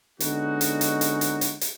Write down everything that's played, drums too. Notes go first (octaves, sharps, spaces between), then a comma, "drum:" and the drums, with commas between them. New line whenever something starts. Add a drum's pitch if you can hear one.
D3 G#3 B3 C#4 D#4 F#4, drum: hi-hat
drum: hi-hat
drum: hi-hat
drum: hi-hat
drum: hi-hat
drum: hi-hat
drum: hi-hat